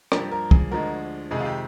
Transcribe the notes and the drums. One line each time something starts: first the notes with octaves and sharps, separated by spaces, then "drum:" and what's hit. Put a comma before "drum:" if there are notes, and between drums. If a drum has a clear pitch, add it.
G2 F3 A#3 G4, drum: rim click
A#4
G#4, drum: kick
D2 D3 F3 G#3 A#4
F2 C3 D#3 G#3 G#4
F4
G4